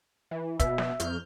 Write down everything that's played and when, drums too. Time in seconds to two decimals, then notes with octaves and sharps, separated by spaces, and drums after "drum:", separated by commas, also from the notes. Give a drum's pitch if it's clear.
0.31 E3
0.60 B2 E5, drum: kick, hi-hat
0.78 drum: snare
1.00 F2 F6 G6, drum: hi-hat